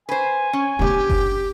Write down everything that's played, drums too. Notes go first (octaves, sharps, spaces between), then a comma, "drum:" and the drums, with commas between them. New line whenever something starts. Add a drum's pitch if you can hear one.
B4 C5 G#5
C#4
B3 D4 G4
drum: kick F#1